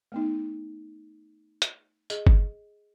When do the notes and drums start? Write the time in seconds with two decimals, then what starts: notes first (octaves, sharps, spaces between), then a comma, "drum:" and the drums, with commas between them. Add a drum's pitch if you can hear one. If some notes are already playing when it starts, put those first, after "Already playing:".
0.12 A3 B3 D#4
1.62 drum: hi-hat
2.10 G#4 D#5, drum: tambourine
2.27 drum: kick G1